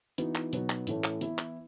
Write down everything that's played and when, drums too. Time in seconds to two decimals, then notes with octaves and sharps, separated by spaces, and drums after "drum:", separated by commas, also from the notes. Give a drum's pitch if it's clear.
0.18 E3 B3 D#4 F#4, drum: hi-hat
0.35 drum: clap
0.53 B2 F#3 B3 D#4 F#4, drum: hi-hat
0.70 drum: clap
0.87 A2 E3 A3 C#4, drum: hi-hat
1.04 drum: clap
1.21 E3 B3 E4, drum: hi-hat
1.38 drum: clap